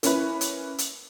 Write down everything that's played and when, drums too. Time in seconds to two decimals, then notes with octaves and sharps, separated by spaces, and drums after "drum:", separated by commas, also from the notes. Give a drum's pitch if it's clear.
0.03 A#3 C#4 E4 B4, drum: hi-hat
0.41 drum: hi-hat
0.78 drum: hi-hat